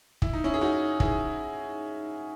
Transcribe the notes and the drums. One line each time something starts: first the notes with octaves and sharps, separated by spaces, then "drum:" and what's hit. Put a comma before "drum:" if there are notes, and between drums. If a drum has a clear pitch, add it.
E4, drum: kick
D#4
C#4 E4
G#4
D#4 F#4
E4 G#4, drum: kick